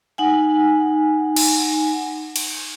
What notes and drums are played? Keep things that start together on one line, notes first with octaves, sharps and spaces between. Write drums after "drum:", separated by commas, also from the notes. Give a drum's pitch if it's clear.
D#4 F#5 G#5
drum: cymbal
drum: cymbal